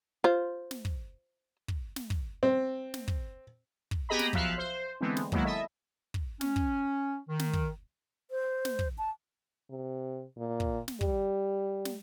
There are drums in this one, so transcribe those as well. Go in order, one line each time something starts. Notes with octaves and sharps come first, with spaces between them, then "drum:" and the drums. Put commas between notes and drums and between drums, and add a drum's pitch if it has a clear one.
F4 C5
drum: snare
drum: kick
drum: kick
drum: snare
drum: kick
C4
drum: snare
drum: kick
drum: kick
B3 G4 G#4 D#5 A#5 B5
drum: snare
B1 F3 E5 F5 F#6, drum: kick
C5
D3 E3 G#3 B3 C4
drum: snare
D#3 F#3 G#3 A#3 B3 E4, drum: kick
E4 A4 D#5 E5
drum: kick
C#4, drum: snare
drum: kick
D#3
drum: snare
drum: kick
C5
drum: snare
drum: kick
A5
C3
A#2
drum: kick
drum: snare
G3, drum: kick
drum: snare